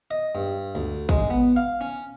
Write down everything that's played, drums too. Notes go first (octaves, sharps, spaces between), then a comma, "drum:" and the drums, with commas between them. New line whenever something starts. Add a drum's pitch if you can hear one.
D#5
G2
D2
G#3, drum: kick
B3
F5
C#4